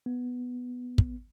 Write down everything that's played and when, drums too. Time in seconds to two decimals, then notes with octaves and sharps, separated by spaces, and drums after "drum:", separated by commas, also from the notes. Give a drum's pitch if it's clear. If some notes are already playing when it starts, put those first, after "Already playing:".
0.06 B3
0.98 drum: kick